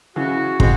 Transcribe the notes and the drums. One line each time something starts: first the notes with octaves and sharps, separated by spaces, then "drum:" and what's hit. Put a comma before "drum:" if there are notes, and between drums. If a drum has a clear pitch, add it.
C#3 E3 F#4
G#3 C4 F#4, drum: kick